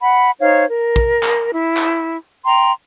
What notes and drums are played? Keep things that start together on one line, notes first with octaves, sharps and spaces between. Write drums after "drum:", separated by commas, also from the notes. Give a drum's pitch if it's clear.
F#5 B5
D#4 C5 C#5 F5
A#4
drum: kick
drum: clap
E4
drum: clap
G5 A#5 C6